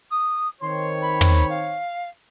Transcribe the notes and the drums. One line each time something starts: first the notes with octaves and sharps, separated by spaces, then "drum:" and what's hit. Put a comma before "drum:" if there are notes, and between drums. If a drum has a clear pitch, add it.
D#6
D#3 C4 C#5 C6
B5
drum: tom
F5